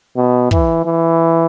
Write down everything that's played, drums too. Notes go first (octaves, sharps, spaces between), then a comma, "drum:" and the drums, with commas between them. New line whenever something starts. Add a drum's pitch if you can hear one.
B2
E3, drum: kick
E3